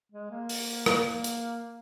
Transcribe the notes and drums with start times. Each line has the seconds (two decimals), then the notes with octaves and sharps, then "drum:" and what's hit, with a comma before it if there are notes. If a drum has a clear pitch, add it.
0.12 G#3
0.30 A#3
0.49 drum: open hi-hat
0.86 A#3, drum: rim click
1.24 drum: hi-hat